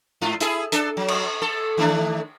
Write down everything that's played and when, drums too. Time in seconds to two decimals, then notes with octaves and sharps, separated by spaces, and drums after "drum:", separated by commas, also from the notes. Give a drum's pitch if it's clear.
0.21 G#2 F4
0.40 E4 G#4 A4, drum: hi-hat
0.72 D4 A4, drum: hi-hat
0.97 F#3
1.08 drum: cymbal
1.42 A4
1.77 D#3 A3 D4